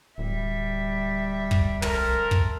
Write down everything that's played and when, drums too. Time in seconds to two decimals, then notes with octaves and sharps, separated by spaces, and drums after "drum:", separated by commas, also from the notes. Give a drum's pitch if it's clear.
0.18 D1 G3 E5
1.51 drum: kick
1.82 C4 A4 A#4, drum: tom
2.31 drum: kick